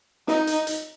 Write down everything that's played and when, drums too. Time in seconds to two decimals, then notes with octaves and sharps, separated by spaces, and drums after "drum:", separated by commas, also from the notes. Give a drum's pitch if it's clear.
0.28 D#4, drum: snare
0.47 drum: hi-hat
0.67 drum: hi-hat